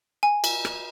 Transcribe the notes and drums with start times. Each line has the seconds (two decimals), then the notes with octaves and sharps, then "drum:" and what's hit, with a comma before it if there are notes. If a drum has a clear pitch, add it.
0.23 G#5
0.44 drum: cymbal
0.65 drum: rim click